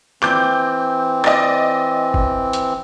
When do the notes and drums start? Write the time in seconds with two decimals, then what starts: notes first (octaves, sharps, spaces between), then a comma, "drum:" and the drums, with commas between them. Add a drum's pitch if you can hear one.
0.22 E3 C4 D6 G6, drum: clap
1.24 D5 D#5, drum: clap
2.14 drum: kick F#1
2.53 drum: hi-hat